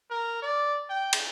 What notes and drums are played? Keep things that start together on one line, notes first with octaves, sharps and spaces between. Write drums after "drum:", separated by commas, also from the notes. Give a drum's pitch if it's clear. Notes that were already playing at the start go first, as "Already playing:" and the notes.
A#4
D5
G5
drum: cymbal